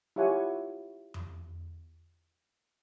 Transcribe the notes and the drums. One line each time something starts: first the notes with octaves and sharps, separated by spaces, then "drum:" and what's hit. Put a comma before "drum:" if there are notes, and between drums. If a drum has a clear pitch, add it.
E4 F4 G4 C#5 F#5 G#5
drum: tom F2